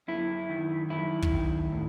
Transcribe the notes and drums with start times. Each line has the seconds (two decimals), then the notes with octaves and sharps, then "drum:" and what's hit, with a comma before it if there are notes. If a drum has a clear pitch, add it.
0.08 F#2 E4
0.50 D#3
0.90 F#2 E4
1.22 drum: kick
1.32 D#3
1.72 A2